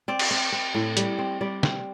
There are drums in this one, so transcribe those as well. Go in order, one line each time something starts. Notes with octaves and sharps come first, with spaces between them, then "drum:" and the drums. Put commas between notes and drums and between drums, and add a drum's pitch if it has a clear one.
C4 D5
drum: cymbal
C4
C4
A2
G3, drum: hi-hat
C4
G3 D5
C4, drum: snare